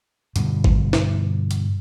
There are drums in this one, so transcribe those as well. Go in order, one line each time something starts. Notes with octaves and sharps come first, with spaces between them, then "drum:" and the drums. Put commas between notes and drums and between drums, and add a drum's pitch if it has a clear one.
G2 B2 D3, drum: hi-hat
drum: kick G#1
drum: snare
drum: hi-hat